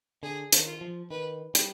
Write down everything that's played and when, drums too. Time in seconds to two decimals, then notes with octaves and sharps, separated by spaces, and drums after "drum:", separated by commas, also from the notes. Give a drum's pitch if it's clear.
0.23 D3 G#4
0.52 D#3, drum: hi-hat
0.66 F4
0.81 F3
1.11 D#3 B4
1.55 G3, drum: hi-hat